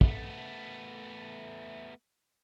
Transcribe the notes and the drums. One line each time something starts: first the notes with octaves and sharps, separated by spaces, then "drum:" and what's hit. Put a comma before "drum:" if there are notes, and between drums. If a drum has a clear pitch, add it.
A3 B3, drum: kick